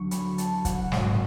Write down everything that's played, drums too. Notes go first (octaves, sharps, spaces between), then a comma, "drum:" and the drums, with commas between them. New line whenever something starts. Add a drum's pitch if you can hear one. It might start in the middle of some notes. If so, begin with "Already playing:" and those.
Already playing: D2 D3 F#3 C#6
B5, drum: hi-hat
A5, drum: hi-hat
F#5, drum: kick, hi-hat
G#1 G#2 G#3 G#5, drum: snare